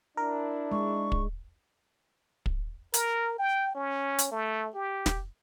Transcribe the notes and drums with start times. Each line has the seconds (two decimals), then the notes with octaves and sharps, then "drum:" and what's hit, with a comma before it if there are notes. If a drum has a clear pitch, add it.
0.17 D4 E4 A#4
0.72 G#3 C#6
1.12 drum: kick
2.46 drum: kick
2.94 A#4, drum: hi-hat
3.39 G5
3.75 C#4
4.18 drum: hi-hat
4.31 A3
4.74 G4
5.06 drum: snare